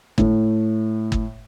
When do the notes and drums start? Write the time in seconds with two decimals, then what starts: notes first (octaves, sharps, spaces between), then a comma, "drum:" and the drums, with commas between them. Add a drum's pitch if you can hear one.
0.18 A2, drum: kick
1.12 drum: kick